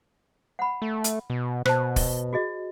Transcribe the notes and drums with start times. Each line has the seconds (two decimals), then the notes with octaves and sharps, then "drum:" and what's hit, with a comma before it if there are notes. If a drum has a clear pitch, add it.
0.59 F#5 B5
0.82 A3
1.04 drum: hi-hat
1.30 B2
1.66 B2 C5 A5, drum: rim click
1.96 drum: kick, open hi-hat
2.33 F#4 G#4 D#5